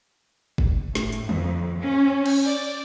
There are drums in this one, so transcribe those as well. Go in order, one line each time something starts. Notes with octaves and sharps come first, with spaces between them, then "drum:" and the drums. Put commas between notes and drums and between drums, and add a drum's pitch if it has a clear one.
drum: kick
A2, drum: snare
drum: hi-hat
F2, drum: tom
C#4
drum: cymbal
D5